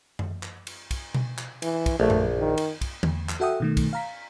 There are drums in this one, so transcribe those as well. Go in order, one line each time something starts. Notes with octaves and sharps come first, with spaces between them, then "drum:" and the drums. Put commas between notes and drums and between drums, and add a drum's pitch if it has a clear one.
drum: tom F#2
drum: clap
drum: cymbal
drum: kick, cymbal
drum: tom B2
drum: clap
E3, drum: cymbal
drum: kick, cymbal
A#1 A3
drum: tom F#2
D#3
drum: cymbal
drum: kick, cymbal
E2, drum: tom D3
drum: clap
F#4 A4 E5 F#5 G5 D#6
B2 D#3 A3
drum: kick, cymbal
F5 A#5 B6